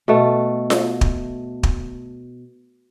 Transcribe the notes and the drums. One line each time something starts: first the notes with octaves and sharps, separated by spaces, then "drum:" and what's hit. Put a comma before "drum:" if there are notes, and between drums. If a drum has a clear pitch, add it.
B2 A3
drum: snare F4
drum: kick
drum: kick